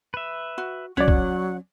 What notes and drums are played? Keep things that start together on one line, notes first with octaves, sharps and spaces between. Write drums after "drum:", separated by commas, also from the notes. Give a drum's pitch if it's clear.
B4 E5
F#4
C#2 F#3 C#4 C#5 D5 F#5
drum: kick